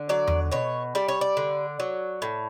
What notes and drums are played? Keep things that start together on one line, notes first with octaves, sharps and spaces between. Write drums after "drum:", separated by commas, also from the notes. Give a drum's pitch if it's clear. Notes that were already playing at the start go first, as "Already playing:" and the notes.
Already playing: D3
F#3 D5
drum: tom E2
B2 C#5
G3 D5
C#5
D5
D3
F#3
A2